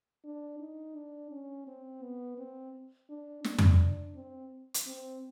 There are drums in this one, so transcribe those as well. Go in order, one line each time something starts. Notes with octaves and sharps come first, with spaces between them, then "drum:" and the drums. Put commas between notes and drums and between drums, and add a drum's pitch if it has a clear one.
D4
D#4
D4
C#4
C4
B3
C4
D4
D4, drum: snare
drum: tom F2
C4
drum: hi-hat
C4